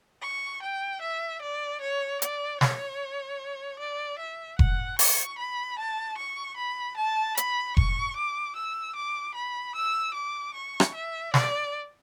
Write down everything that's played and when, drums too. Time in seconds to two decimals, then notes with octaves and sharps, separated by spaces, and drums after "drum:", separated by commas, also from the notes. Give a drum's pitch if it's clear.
0.22 C#6
0.62 G5
1.02 E5
1.42 D5
1.81 C#5
2.22 D5, drum: hi-hat
2.61 C#5, drum: snare
3.80 D5
4.19 E5
4.59 F#5, drum: kick F1
4.99 C#6, drum: open hi-hat
5.39 B5
5.79 A5
6.18 C#6
6.57 B5
6.97 A5
7.37 B5, drum: hi-hat
7.77 C#6, drum: kick F1
8.16 D6
8.56 E6
8.96 D6
9.35 B5
9.75 E6
10.14 D6
10.55 C#6
10.80 drum: rim click
10.95 E5
11.34 D5, drum: snare